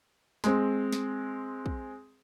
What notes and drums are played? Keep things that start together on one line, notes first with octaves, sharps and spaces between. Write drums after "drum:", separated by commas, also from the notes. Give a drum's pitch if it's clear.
G#3 C4, drum: snare
drum: snare
drum: kick